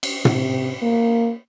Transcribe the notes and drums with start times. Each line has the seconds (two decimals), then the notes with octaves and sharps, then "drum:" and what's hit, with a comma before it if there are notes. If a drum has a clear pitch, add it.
0.03 drum: cymbal
0.25 C3, drum: tom
0.82 A#3